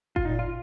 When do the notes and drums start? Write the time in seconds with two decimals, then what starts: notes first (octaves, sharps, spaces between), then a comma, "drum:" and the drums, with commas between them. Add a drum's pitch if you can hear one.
0.16 F4, drum: kick G1
0.25 A#2 D#4
0.39 F4